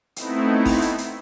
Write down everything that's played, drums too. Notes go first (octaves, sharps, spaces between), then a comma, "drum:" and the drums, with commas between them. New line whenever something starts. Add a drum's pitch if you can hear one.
A3 B3 C4 D#4 E4, drum: hi-hat
drum: kick G1, open hi-hat
drum: hi-hat
drum: hi-hat